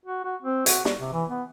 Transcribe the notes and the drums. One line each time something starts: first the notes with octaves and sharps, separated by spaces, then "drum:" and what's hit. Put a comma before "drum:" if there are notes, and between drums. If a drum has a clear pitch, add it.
F#4
F#4
C4
F#4, drum: hi-hat
G3, drum: snare
C3
E3
B3